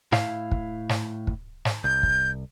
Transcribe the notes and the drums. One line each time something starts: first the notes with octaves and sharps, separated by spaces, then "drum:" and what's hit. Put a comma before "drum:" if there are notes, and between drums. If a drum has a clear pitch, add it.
A2 E4 F5, drum: snare
drum: kick
drum: snare
drum: kick
drum: snare
C2 G6
drum: kick